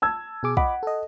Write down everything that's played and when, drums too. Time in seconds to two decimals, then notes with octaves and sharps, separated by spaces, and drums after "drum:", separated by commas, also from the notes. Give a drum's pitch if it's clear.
0.02 A5 E6 G#6
0.43 B2 G#4 D6
0.57 D#5 F#5 B5 D6, drum: kick
0.83 A4 D#5